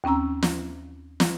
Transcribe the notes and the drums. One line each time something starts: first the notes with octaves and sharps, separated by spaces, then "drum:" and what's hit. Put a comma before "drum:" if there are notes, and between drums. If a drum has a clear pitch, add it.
D#2 C4 C#4 A#5 E6
drum: snare
drum: snare